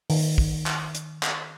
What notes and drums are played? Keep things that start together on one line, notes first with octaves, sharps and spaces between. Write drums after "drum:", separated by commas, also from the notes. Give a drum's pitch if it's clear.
D#3, drum: open hi-hat
drum: kick
drum: clap
drum: hi-hat
drum: clap